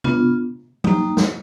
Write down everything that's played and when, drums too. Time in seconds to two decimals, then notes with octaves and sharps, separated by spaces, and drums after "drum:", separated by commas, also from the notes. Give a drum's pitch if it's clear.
0.04 B3 D4 F4, drum: tom B2
0.84 G3 A#3 D#4, drum: tom F#3
1.17 drum: snare